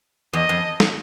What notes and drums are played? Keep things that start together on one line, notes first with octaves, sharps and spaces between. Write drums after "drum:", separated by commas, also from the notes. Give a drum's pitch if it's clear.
E2 D#5
F2
drum: snare